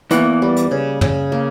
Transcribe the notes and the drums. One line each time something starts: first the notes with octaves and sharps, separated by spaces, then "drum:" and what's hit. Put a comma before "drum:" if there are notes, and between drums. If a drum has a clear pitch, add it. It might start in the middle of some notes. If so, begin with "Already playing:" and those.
E2 E3 A#3, drum: hi-hat
G3
drum: hi-hat
C#3
C#3, drum: tom
A#3